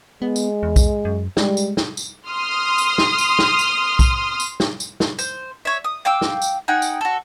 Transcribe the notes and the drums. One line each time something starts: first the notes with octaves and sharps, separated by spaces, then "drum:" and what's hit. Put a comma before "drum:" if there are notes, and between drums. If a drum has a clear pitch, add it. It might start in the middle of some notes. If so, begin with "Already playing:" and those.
G#3 B3
drum: tambourine
E2
drum: kick B1, tambourine
F#2
G3 G#3, drum: snare
drum: tambourine
drum: snare
drum: tambourine
C6 D#6 F6
drum: tambourine
drum: snare
drum: tambourine
drum: snare
drum: tambourine
drum: kick B1, tambourine
drum: tambourine
drum: snare
drum: tambourine
drum: snare
C5, drum: tambourine
C#5 E5
D#6
F5 G5 D6 E6
drum: snare
drum: tambourine
D#4 G#4 F#5 G5
drum: tambourine
F#4 A4